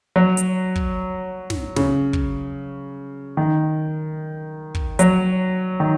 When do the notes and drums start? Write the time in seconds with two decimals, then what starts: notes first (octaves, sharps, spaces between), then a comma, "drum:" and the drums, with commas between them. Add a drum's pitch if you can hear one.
0.16 F#3
0.37 drum: hi-hat
0.76 drum: kick
1.50 drum: snare
1.76 C#3, drum: snare
2.13 drum: kick
3.37 D#3
4.75 drum: kick
4.99 F#3, drum: hi-hat
5.80 D#3